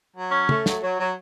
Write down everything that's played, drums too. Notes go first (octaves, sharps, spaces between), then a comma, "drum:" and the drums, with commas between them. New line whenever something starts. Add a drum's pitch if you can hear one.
F#3
C#4
A3, drum: tom
F#3, drum: snare
F#3
F#3